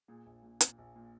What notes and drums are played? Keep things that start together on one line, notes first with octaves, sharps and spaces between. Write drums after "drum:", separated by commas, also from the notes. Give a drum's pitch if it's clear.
A#2 G#4
A#1
A#2
A#2, drum: hi-hat
A#1
A#2